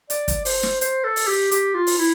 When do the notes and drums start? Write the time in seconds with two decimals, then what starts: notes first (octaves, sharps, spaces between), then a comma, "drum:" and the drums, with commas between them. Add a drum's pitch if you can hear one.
0.10 D5, drum: hi-hat
0.28 drum: kick, hi-hat
0.45 C5, drum: open hi-hat
0.63 drum: snare
0.81 C5, drum: hi-hat
1.04 A4
1.16 drum: open hi-hat
1.27 G4
1.51 G4, drum: hi-hat
1.74 F4
1.87 drum: open hi-hat
1.98 E4